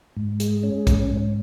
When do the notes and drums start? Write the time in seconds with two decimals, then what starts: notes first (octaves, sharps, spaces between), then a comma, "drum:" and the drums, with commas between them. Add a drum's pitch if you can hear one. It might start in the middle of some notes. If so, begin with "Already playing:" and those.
0.17 G#2
0.40 G#3, drum: hi-hat
0.63 C#4
0.87 G#2, drum: kick A#1, hi-hat
1.11 G#2